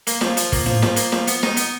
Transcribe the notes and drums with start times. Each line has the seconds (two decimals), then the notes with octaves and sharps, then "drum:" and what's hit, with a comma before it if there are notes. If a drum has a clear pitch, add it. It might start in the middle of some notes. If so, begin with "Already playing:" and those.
0.07 A#3, drum: hi-hat
0.21 F3, drum: snare
0.37 F3, drum: hi-hat
0.52 A#3, drum: kick, open hi-hat
0.66 F3, drum: tom
0.82 F3, drum: snare
0.96 A#3, drum: hi-hat
1.12 F3, drum: snare
1.27 B3, drum: hi-hat
1.43 D#4, drum: snare
1.57 B3, drum: hi-hat